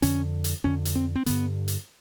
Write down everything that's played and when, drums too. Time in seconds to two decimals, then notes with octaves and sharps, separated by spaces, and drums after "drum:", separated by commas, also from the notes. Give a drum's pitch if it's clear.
0.02 F2 D3 C#4, drum: hi-hat
0.44 drum: hi-hat
0.64 F2 D3 C#4
0.85 drum: hi-hat
0.95 C4
1.15 C4
1.26 G2 D3 B3, drum: hi-hat
1.68 drum: hi-hat